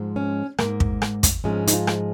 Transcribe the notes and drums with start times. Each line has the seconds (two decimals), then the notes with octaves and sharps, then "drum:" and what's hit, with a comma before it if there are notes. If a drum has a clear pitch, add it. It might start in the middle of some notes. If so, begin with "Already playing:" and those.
Already playing: G#2 F3 G#3
0.16 C#4
0.58 G#2 F3 G#3 A#3, drum: rim click
0.80 drum: kick
1.02 drum: rim click
1.23 drum: kick, hi-hat
1.44 G#2 F3 G#3 C#4
1.67 D#4, drum: hi-hat
1.73 F4
1.87 drum: rim click